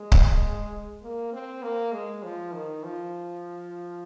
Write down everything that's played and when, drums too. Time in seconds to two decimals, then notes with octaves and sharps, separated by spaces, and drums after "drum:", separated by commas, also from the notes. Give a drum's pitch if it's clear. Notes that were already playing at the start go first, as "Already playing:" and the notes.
Already playing: G#3
0.12 drum: kick C#1
1.02 A#3
1.33 C4
1.63 A#3
1.92 G#3
2.23 F3
2.53 D#3
2.84 F3